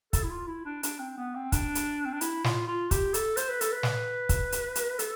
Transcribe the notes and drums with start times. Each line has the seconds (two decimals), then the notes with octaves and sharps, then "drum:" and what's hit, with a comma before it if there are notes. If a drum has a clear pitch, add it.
0.13 A4, drum: kick, hi-hat
0.24 E4
0.31 F4
0.48 E4
0.66 D4
0.83 D4, drum: hi-hat
1.00 C4
1.18 B3
1.35 C4
1.52 D4, drum: kick, hi-hat
1.75 drum: hi-hat
2.05 C4
2.13 D4
2.21 E4, drum: hi-hat
2.44 F4, drum: snare
2.67 F4
2.91 G4, drum: kick, hi-hat
3.14 A4, drum: hi-hat
3.37 C5, drum: hi-hat
3.49 B4
3.61 A4, drum: hi-hat
3.72 B4
3.83 drum: snare
4.29 drum: kick, hi-hat
4.52 drum: hi-hat
4.75 drum: hi-hat
4.99 A4, drum: hi-hat